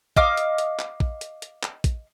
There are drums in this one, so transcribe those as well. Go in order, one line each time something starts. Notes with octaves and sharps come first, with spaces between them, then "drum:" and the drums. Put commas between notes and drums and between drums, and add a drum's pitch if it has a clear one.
D#5 F5 D6 F6, drum: kick
drum: hi-hat
drum: hi-hat
drum: clap
drum: kick
drum: hi-hat
drum: hi-hat
drum: clap
drum: kick, hi-hat